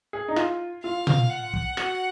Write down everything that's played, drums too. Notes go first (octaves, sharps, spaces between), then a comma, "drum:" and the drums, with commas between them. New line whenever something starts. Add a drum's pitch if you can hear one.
G#4
D#4
F4, drum: rim click
F4 F5
drum: tom A#2
F#5
drum: kick
F#4, drum: rim click